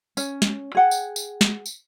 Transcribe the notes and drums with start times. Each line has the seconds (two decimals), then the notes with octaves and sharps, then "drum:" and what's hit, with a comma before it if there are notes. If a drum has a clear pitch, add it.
0.17 C#4, drum: tambourine
0.42 drum: snare
0.75 G#4 F#5 G5
0.91 drum: tambourine
1.16 drum: tambourine
1.41 drum: snare
1.66 drum: tambourine